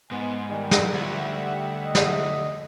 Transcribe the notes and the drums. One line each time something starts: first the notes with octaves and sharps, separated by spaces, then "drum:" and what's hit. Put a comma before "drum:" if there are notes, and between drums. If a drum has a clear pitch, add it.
G#2 B3 G#5
D#3 G3
drum: snare
D2 F4 E5 F#5
G4
D#5
drum: snare